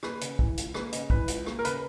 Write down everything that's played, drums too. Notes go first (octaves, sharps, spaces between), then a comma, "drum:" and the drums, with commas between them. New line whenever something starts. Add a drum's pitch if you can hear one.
A#3 B4, drum: rim click
C#3, drum: hi-hat
E3, drum: kick
C#2, drum: hi-hat
A#3 B4, drum: rim click
C#3 D#5, drum: hi-hat
E3 B4, drum: kick
C#2, drum: hi-hat
A#3, drum: rim click
A#4
C#3 B4, drum: hi-hat